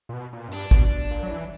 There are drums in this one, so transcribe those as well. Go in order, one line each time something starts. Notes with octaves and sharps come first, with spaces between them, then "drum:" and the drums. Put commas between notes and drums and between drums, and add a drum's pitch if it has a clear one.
A#2
B2
A#2
F#2
G2 D4
B2, drum: kick
A#2
F#3
E3